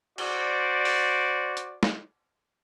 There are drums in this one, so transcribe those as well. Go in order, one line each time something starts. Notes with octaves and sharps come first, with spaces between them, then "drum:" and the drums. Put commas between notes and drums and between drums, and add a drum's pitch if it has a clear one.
F#4 C5 D5, drum: cymbal
drum: open hi-hat
drum: hi-hat
drum: snare